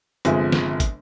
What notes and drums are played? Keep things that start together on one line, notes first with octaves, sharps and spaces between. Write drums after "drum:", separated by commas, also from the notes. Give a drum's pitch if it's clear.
G1 C3 F3 G#3 E5 G#5, drum: hi-hat
drum: snare
drum: kick, hi-hat